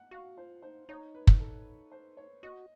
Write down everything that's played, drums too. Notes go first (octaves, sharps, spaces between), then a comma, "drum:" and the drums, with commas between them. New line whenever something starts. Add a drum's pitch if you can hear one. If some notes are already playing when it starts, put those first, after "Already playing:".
Already playing: F#5
F#4 F5
F4 C5
D#4 C5
D#4 C#5
B4
drum: kick
A4
C5
C#5
F#4 D#5